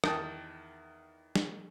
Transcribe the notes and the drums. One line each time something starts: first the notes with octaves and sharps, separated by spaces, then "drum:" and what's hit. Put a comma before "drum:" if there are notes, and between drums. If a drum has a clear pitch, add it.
E2 D#3 G5 A5 D#6, drum: rim click
drum: snare